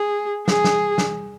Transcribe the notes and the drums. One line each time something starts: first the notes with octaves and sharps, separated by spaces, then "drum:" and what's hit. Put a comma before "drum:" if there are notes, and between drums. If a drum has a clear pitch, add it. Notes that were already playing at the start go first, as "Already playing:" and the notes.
Already playing: G#4
G#4, drum: snare
drum: snare
drum: snare